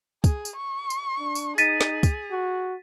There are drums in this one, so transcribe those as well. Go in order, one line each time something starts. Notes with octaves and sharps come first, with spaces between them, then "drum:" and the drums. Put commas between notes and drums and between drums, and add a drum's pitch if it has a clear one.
G#4, drum: kick, tambourine
drum: tambourine
C#6
drum: tambourine
D4
drum: tambourine
D#4 G#4 A6 B6 D#7, drum: tambourine
drum: snare
drum: kick, tambourine
F#4